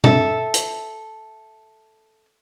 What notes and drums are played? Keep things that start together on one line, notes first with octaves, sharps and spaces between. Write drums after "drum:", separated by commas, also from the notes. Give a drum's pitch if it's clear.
A4 E5, drum: tom
drum: hi-hat